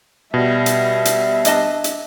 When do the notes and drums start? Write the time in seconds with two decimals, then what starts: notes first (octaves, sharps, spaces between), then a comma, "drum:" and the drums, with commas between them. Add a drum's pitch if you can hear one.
0.34 B2 G3 E5
0.66 drum: hi-hat
1.05 drum: hi-hat
1.45 D4 D#5 A5, drum: hi-hat
1.84 drum: hi-hat